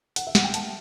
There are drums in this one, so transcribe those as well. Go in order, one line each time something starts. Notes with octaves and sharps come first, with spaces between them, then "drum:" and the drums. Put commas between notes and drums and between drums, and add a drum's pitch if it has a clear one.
F#5, drum: hi-hat
E5
F#5, drum: snare
G5
A5, drum: hi-hat